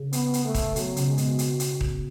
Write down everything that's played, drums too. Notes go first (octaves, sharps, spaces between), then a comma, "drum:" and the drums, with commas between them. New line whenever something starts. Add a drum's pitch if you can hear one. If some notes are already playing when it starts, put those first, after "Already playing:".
Already playing: C#3
B3, drum: hi-hat
drum: hi-hat
A3
drum: kick D#1, hi-hat
B2 F#3, drum: hi-hat
C#3, drum: hi-hat
G#3
B2, drum: hi-hat
drum: hi-hat
drum: hi-hat
drum: kick D#1